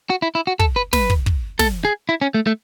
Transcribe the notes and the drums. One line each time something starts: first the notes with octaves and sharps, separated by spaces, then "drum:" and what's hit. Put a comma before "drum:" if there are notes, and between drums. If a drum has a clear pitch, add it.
F#4
E4
E4
F#4
A4, drum: kick
B4
B4, drum: snare
drum: kick
drum: kick
A4, drum: snare
G#4
E4
C#4
A3
A3